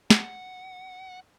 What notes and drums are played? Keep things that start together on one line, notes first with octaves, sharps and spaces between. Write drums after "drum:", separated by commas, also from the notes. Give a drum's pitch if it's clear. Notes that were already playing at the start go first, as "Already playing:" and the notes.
F#5, drum: snare